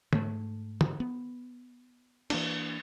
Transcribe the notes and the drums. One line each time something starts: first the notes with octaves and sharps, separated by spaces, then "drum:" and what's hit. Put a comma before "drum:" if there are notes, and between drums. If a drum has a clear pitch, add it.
G#2 A3, drum: tom
drum: tom
B3
E3 A#3 D4, drum: cymbal